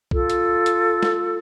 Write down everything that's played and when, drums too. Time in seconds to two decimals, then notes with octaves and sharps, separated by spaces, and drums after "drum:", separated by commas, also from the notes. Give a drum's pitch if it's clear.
0.11 F4 A4, drum: kick B1
0.30 drum: hi-hat
0.66 drum: hi-hat
1.03 drum: snare